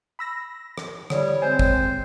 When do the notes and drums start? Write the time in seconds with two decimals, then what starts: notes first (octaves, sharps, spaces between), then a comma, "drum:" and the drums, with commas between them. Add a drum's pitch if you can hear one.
0.19 B5 E6 A#6
0.78 drum: rim click
1.10 D3 E3 G3 C#5, drum: rim click
1.42 G#3 C4 C5 G#5
1.59 drum: kick G1